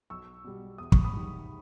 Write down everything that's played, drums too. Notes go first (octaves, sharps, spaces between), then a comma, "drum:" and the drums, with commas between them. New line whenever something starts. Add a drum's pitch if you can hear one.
B1 C#6 E6
B2 G3
E2 D#6
C#6, drum: kick
B5 D#6
D#3 G3